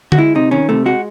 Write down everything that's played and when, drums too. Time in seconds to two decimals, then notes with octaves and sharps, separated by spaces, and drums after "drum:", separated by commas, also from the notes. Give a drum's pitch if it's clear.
0.12 F#4, drum: tom D3
0.17 G#3 E4
0.35 C3 D#4
0.51 D#3 C#4
0.69 C3 A3
0.86 G#3 F#4